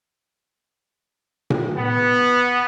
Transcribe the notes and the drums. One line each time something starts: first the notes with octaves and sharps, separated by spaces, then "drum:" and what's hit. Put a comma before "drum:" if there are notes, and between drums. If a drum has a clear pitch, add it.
drum: tom A#2
B3